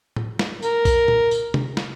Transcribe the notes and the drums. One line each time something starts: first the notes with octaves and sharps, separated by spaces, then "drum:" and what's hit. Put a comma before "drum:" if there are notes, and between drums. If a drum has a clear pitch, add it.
drum: tom A2
drum: snare
A#4, drum: tambourine
drum: kick B1, tambourine
drum: tom A#2
drum: tambourine
drum: tom C3
drum: snare